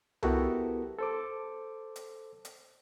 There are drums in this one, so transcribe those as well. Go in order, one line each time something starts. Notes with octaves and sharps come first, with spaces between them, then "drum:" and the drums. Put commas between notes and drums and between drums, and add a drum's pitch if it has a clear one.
B3 E4 F#4 G4 A4 A#4, drum: tom C2
A4 C5 D6
drum: hi-hat
drum: hi-hat